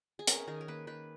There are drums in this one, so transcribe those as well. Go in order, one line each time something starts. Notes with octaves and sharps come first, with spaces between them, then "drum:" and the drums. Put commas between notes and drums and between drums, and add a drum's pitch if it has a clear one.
G#4
C#4 A#4, drum: hi-hat
D#3 G#4
A#4
A#3 B4
D#3 B4